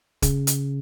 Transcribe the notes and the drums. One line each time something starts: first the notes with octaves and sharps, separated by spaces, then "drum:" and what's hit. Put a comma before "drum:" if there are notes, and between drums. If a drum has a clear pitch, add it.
C#3, drum: kick, hi-hat
drum: hi-hat